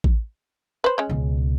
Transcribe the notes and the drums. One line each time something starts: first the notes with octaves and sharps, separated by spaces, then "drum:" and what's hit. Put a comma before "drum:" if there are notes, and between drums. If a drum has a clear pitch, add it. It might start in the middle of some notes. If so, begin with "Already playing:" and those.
drum: kick A1
B4 C5
G#3 C#4
C#2 B2